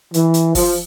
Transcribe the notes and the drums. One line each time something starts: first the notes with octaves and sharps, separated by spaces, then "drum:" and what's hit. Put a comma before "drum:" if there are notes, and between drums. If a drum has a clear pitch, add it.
E3, drum: hi-hat
drum: hi-hat
F3, drum: kick, open hi-hat